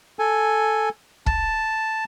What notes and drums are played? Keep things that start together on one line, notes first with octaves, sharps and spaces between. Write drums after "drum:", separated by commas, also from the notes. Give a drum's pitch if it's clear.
A4 G#5
A5, drum: kick